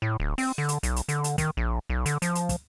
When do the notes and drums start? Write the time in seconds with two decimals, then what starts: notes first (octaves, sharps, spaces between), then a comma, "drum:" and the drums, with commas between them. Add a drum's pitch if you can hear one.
0.02 A2
0.20 D1
0.38 C4, drum: open hi-hat
0.58 D3
0.69 drum: hi-hat
0.83 B1, drum: hi-hat
0.96 drum: hi-hat
1.08 D3, drum: hi-hat
1.24 drum: hi-hat
1.38 D#3, drum: kick, hi-hat
1.57 A#1
1.90 B1
2.06 D3, drum: hi-hat
2.22 F3, drum: hi-hat
2.35 drum: hi-hat
2.49 drum: kick, hi-hat